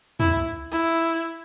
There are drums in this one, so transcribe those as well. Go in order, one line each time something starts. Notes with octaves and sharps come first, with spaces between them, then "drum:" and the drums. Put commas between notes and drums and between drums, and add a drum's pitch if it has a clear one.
E4, drum: tom
E4